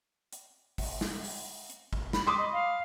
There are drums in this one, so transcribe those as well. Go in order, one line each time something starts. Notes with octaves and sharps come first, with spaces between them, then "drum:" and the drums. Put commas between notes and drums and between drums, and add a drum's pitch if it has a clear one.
drum: hi-hat
drum: kick, open hi-hat
drum: snare
drum: open hi-hat
drum: hi-hat
drum: kick
B5, drum: snare
B5 C6 D6 D#6
D#5
F5